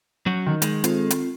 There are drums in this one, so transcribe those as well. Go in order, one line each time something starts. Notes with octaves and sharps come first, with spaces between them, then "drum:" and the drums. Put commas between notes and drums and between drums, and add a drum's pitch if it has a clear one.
F#3 C#4 F#4 G6
D#3
G#3, drum: hi-hat
C4 F4 A4, drum: hi-hat
drum: hi-hat